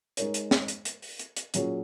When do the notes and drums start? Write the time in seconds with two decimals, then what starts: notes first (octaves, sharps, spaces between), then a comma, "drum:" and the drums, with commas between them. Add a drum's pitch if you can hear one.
0.17 G#3 D#4 A#4 C#5, drum: hi-hat
0.34 drum: hi-hat
0.51 drum: snare
0.68 drum: hi-hat
0.85 drum: hi-hat
1.02 drum: open hi-hat
1.19 drum: hi-hat
1.37 drum: hi-hat
1.54 A#2 F#3 C#4 G#4, drum: hi-hat